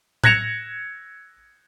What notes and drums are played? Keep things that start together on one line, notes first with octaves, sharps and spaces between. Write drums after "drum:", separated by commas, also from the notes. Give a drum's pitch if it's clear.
F#6 G#6 A#6 C#7 E7 F7, drum: tom A2